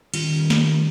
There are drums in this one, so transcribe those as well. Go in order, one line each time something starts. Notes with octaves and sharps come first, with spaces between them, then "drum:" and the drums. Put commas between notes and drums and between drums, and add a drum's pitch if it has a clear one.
D#3 G3 C#4 F4, drum: cymbal
drum: snare